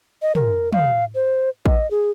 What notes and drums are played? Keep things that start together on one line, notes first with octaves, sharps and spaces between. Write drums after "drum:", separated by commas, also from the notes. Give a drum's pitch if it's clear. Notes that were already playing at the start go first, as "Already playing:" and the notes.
D#5
A#4, drum: tom
F5, drum: tom
C5
D#5, drum: kick
G#4